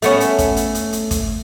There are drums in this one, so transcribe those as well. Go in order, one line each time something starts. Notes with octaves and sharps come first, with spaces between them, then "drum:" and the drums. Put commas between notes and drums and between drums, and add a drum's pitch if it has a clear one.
A3 B3 C#4, drum: hi-hat
drum: hi-hat
drum: kick, hi-hat
drum: hi-hat
drum: hi-hat
drum: hi-hat
drum: kick, hi-hat